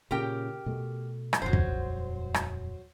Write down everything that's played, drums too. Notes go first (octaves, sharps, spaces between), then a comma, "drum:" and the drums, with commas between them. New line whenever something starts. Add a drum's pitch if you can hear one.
A#2 C#3 G4 A#4 G5
B2 A3
drum: rim click
D#1 F2 F#3 C5
drum: kick
drum: rim click